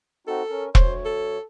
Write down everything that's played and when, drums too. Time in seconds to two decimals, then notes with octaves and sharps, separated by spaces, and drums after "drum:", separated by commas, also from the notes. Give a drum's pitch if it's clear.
0.27 C4 D#4 F#4 A4
0.50 C#4 A#4
0.75 D2 C5 C#5, drum: kick E1
1.05 A4